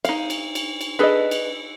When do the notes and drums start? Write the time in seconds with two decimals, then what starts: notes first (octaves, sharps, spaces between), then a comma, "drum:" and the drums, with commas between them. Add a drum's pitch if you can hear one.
0.05 D#4 F5, drum: cymbal
0.30 drum: cymbal
0.55 drum: cymbal
0.81 drum: cymbal
0.99 D4 G#4 A4 B4 D#5
1.31 drum: cymbal